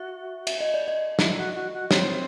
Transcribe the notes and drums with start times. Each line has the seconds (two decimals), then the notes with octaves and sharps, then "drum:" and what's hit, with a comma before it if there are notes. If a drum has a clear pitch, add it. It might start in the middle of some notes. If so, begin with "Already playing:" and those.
Already playing: F#4 E5
0.47 E5, drum: cymbal
0.61 D#5
0.74 D5
0.88 D#5
1.19 E4, drum: snare
1.37 F#4
1.55 F#4
1.73 F#4
1.91 C4 C#5, drum: snare